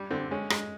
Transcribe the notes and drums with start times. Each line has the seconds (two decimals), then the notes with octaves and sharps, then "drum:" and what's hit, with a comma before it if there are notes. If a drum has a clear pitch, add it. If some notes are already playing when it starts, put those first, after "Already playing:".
Already playing: G3
0.10 D3 C4
0.31 G#3 C#4
0.50 G#3, drum: rim click